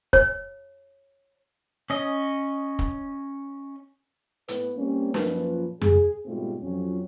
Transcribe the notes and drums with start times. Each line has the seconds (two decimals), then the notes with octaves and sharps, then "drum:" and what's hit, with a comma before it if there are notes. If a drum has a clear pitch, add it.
0.13 C#5, drum: kick
1.90 C#4 D#5
2.79 drum: kick
4.48 A2 B3 B4, drum: hi-hat
4.77 G3 A#3 C4 C#4
5.14 F#2 A#2 F3 C#4 B4, drum: snare
5.82 G#4, drum: tom F2
6.26 G#2 B2 G3 A3 C4 F4
6.61 F2 F#3 C#4